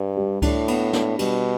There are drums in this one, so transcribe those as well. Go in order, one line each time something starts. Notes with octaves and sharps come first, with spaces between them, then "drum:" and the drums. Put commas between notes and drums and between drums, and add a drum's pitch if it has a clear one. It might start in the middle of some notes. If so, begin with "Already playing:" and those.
Already playing: G2
G3
A2 D4, drum: kick C#2, cymbal
B3, drum: cymbal
D4, drum: snare
B2 G3, drum: cymbal